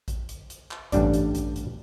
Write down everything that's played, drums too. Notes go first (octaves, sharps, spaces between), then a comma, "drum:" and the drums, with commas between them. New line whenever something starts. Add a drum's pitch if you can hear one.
drum: kick A1, hi-hat
drum: hi-hat
drum: hi-hat
drum: clap
A1 G2 G3 D4 D5, drum: kick A1, hi-hat
drum: hi-hat
drum: kick A1, hi-hat
drum: hi-hat